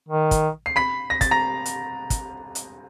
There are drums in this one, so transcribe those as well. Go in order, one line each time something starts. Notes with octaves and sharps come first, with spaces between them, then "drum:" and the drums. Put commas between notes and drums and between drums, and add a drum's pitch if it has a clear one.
D#3
drum: kick, hi-hat
C7
B5 B6
A#6
A6, drum: kick, hi-hat
A#5 A#6
drum: hi-hat
drum: kick, hi-hat
drum: hi-hat